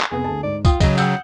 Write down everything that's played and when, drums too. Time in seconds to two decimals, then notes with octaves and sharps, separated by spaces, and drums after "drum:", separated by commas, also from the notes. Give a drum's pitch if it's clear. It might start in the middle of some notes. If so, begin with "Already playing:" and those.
0.01 drum: clap
0.11 F1 B3 G#4
0.24 D2 A5
0.43 G#2 D5
0.65 F4 G5 D#6, drum: kick, tambourine
0.80 C#3 F#3 D#5, drum: kick, tambourine
0.98 F#5 G5 E6 G6, drum: tambourine